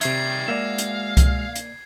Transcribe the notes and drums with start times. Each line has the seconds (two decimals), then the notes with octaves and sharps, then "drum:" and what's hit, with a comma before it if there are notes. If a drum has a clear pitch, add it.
0.01 C3 D#3 G3 E5 G#6 C7, drum: hi-hat
0.48 G#3 A#3 F#4 D5 E5 F5
0.78 drum: hi-hat
1.17 drum: kick C2, hi-hat
1.56 drum: hi-hat